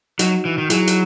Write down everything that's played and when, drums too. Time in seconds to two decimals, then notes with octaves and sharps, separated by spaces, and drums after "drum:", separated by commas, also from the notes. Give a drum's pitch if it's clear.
0.19 F#3 D#4 F#4, drum: hi-hat
0.45 E3
0.58 D#3
0.70 F#3 E4 G#4, drum: hi-hat
0.87 drum: hi-hat